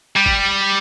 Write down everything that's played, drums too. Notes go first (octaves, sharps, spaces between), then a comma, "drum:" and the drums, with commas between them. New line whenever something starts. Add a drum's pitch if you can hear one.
G3
drum: kick